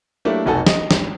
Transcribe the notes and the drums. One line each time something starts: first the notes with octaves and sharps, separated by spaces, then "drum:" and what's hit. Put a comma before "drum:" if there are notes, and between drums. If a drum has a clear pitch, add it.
F#3 A3 A#3 D4 E4 G4
F1 B1 D#4 F#4 A4 G#5
D#5, drum: snare
G#1, drum: snare